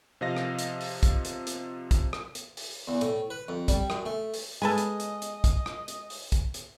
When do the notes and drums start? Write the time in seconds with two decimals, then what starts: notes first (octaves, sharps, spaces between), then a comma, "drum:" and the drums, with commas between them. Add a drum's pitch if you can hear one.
0.21 C3 F3 D#5 F5 A#6
0.37 drum: rim click
0.59 drum: hi-hat
0.81 drum: open hi-hat
1.03 drum: kick, hi-hat
1.25 drum: hi-hat
1.47 drum: hi-hat
1.91 drum: kick, hi-hat
2.13 drum: rim click
2.35 drum: hi-hat
2.57 drum: open hi-hat
2.88 E2
3.01 A2, drum: hi-hat
3.30 B4
3.48 F2
3.68 G3, drum: kick, hi-hat
3.90 F#2, drum: rim click
4.06 A3
4.34 drum: open hi-hat
4.62 G#3 A4 B4 D#5 G#5
4.78 drum: hi-hat
5.00 drum: hi-hat
5.22 drum: hi-hat
5.44 drum: kick, hi-hat
5.66 drum: rim click
5.88 drum: hi-hat
6.10 drum: open hi-hat
6.32 drum: kick, hi-hat
6.54 drum: hi-hat